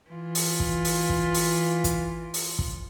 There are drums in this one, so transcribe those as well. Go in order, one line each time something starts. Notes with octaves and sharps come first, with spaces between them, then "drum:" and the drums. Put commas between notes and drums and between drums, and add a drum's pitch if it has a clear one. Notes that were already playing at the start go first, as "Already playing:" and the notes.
E3 F4
drum: open hi-hat
drum: kick
drum: open hi-hat
drum: kick
drum: open hi-hat
drum: kick, hi-hat
drum: open hi-hat
drum: kick